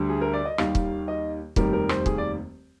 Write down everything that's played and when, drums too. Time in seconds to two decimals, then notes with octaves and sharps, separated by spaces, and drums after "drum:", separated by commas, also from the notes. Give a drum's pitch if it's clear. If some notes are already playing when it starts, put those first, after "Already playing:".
Already playing: D2 D3 G3
0.09 G#4
0.21 A#4
0.33 D5
0.45 D#5
0.58 D#2 D#3 G3 F5, drum: rim click
0.75 drum: kick
1.08 D#5
1.56 F1 D#2 D#3 G3 A#4, drum: kick
1.73 A#4
1.89 C5, drum: rim click
2.06 G#4, drum: kick
2.18 D5